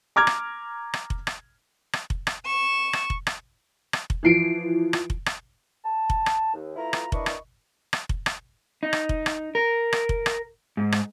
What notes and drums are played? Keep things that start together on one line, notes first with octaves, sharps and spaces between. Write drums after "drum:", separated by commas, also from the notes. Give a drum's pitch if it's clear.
A#5 D6 F6 G#6
drum: rim click
drum: rim click
drum: kick F1
drum: rim click
drum: rim click
drum: kick F1
drum: rim click
C#6 E7
drum: rim click
drum: kick F1
drum: rim click
drum: rim click
drum: kick F1
E3 F3 C7 D7
drum: rim click
drum: kick F1
drum: rim click
A5
drum: kick F1
drum: rim click
D#2
A3 E4 F4 B4 A#5
drum: rim click
D4 E4 A#4 B4 D#5 C#6, drum: kick F1
drum: rim click
drum: rim click
drum: kick F1
drum: rim click
D#4
drum: rim click
drum: kick F1
drum: rim click
A#4
drum: rim click
drum: kick F1
drum: rim click
G#2
drum: rim click